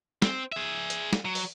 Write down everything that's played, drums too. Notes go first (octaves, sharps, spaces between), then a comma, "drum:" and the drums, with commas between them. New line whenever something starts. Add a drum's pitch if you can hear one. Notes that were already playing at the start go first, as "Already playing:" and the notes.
C4, drum: snare
G#4 E5
drum: hi-hat
drum: snare
F#3
drum: open hi-hat